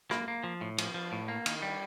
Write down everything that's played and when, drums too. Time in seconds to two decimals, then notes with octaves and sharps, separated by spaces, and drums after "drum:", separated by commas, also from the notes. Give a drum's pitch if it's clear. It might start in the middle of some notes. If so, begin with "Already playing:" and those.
0.11 A#3, drum: rim click
0.28 A#3
0.44 F3
0.61 A2
0.78 F3, drum: cymbal
0.94 F3
1.12 A2
1.28 A#3
1.46 D#3, drum: cymbal
1.62 G3